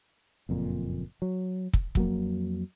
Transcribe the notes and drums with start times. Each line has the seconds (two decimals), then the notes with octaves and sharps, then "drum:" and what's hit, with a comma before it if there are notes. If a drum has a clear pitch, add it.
0.49 F#1 F2 A#2
1.22 F#3
1.73 drum: kick
1.95 F2 F#3 A#3, drum: kick